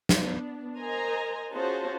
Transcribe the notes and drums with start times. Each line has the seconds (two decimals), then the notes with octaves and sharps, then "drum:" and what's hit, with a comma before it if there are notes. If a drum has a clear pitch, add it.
0.09 drum: snare
0.21 B3 D4
0.78 A#4 C5 D#5 G#5 A#5 C6
1.51 C#4 F4 F#4 G#4 C5 A5